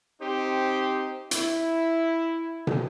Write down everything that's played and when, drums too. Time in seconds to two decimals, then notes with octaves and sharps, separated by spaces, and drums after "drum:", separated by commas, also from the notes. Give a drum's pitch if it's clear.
0.22 C4 D#4 G4 C5
1.31 E4, drum: hi-hat
2.67 drum: tom